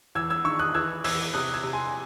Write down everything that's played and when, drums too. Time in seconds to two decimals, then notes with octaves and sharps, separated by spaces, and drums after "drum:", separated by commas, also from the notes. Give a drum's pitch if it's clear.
0.15 E2 E6 G#6
0.30 E6 G#6
0.45 D#3 C#6 E6
0.59 D#6 F#6
0.74 E3 E6 G#6
1.04 E2 E6 G#6, drum: open hi-hat
1.34 C3 D#6 F#6
1.54 E6 G#6
1.63 C3
1.73 G#5 C6